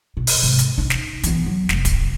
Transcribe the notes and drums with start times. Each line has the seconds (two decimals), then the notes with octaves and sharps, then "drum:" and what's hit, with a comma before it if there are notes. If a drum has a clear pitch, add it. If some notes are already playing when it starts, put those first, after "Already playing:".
0.17 B2
0.27 drum: open hi-hat
0.42 G#2 C3
0.59 drum: hi-hat
0.78 D#4
0.90 drum: snare
1.23 E3 B3, drum: hi-hat
1.46 F#3
1.69 F1, drum: snare
1.85 drum: kick D1, hi-hat